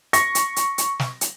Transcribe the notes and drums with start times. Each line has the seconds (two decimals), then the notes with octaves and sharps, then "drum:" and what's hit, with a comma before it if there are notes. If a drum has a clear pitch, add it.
0.13 C#6 A#6, drum: hi-hat
0.35 drum: hi-hat
0.56 drum: hi-hat
0.78 drum: hi-hat
1.00 drum: snare
1.21 drum: hi-hat